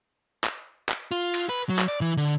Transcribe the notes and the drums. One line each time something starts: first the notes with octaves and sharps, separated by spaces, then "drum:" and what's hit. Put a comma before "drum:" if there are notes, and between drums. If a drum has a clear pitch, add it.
drum: clap
drum: clap
F4
drum: cymbal
B4
F#3
drum: clap
D5
E3
D3